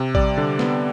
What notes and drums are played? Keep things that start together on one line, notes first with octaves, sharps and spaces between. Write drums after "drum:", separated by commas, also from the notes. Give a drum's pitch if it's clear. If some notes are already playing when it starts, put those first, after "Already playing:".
Already playing: C3
G3 D5, drum: kick A1
D3
B3, drum: snare